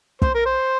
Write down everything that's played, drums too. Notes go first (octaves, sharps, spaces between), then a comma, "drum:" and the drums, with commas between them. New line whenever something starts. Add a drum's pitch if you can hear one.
C5, drum: kick
A#4
C5